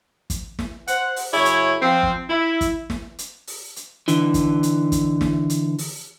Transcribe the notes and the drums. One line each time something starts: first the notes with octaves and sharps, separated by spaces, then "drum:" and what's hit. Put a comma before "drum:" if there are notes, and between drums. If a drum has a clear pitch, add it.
drum: kick, hi-hat
drum: snare
C5 F#5, drum: hi-hat
drum: open hi-hat
F#2 C#3 E4 G#4 C#5
drum: hi-hat
F3 C4
drum: kick
E4
drum: kick, hi-hat
drum: snare
drum: hi-hat
drum: open hi-hat
drum: hi-hat
D3 E3, drum: hi-hat
drum: kick, hi-hat
drum: hi-hat
drum: kick, hi-hat
drum: snare
drum: hi-hat
drum: open hi-hat